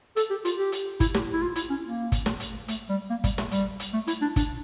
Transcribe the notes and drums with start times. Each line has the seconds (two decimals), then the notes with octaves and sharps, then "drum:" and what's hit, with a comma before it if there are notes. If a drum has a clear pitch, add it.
0.16 A4, drum: hi-hat
0.30 G4
0.45 F4, drum: hi-hat
0.58 G4
0.72 drum: hi-hat
1.00 E4, drum: kick, hi-hat
1.14 G4, drum: snare
1.33 E4
1.42 F4
1.55 E4, drum: hi-hat
1.70 C#4
1.84 A#3
2.12 drum: kick, hi-hat
2.26 drum: snare
2.40 drum: hi-hat
2.68 A3, drum: hi-hat
2.89 G3
3.10 A#3
3.24 G3, drum: kick, hi-hat
3.38 A3, drum: snare
3.51 G3, drum: hi-hat
3.80 drum: hi-hat
3.93 A3
4.07 E4, drum: hi-hat
4.22 D4
4.36 D4, drum: kick, hi-hat